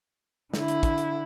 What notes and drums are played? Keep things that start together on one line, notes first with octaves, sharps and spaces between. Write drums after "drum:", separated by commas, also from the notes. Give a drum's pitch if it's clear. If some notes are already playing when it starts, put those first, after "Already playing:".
D3 E4, drum: snare
drum: hi-hat
drum: kick, hi-hat
drum: hi-hat